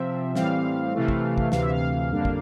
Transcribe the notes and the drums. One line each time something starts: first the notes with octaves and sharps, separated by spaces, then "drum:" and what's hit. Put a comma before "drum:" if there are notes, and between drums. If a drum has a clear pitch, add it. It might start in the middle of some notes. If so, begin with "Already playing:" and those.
Already playing: C3 F3 C4 E5
A2 E3 G3 C4 F5, drum: snare
C3 E3 A3
drum: kick
drum: kick
D2 C3 E3 F5, drum: snare
E5
F5
F2 D3 G3 A#3 D4
drum: kick